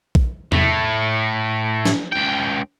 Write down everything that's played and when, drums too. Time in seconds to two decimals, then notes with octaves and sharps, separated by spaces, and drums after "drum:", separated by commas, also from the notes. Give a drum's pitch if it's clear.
0.15 drum: kick A#1
0.52 A2 A3, drum: tom E2
1.85 drum: snare
2.12 C#2 G5